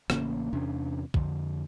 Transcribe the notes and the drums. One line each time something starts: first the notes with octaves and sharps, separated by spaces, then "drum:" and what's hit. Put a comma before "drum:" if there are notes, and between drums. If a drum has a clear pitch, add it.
A1 C#3 A#3 C#4, drum: rim click
E2 C3 C#4 D4
F2 D3, drum: kick